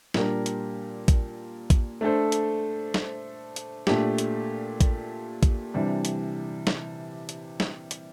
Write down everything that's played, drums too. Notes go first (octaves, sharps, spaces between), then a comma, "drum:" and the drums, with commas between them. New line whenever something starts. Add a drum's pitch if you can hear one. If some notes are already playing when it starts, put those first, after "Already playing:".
A#2 G3 D4 G4 A#4, drum: snare
drum: hi-hat
drum: kick A1, hi-hat
drum: kick A1, hi-hat
A3 D4 A4 C5
drum: hi-hat
drum: snare
drum: hi-hat
A#2 A3 D4 G4, drum: snare
drum: hi-hat
drum: kick A1, hi-hat
drum: kick A1, hi-hat
C3 E3 G3 D4
drum: hi-hat
drum: snare
drum: hi-hat
drum: snare
drum: hi-hat